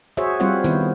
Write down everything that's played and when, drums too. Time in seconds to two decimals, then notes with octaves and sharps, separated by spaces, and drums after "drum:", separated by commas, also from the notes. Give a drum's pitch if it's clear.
0.17 F#4 G#4 C5 C#5 E5
0.40 G3 C4 F4 C5 C#5 F#5
0.64 D#3 B3 E4 C5, drum: tambourine